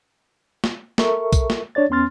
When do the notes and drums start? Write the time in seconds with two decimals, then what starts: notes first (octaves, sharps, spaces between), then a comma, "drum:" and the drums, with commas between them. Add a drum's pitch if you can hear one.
0.64 drum: snare
0.98 A4 A#4 E5 C#6, drum: snare
1.33 drum: kick B1, tambourine
1.50 drum: snare
1.75 D4 C#5 D5 A6
1.89 E2 B3 C#4 C6 F6 A6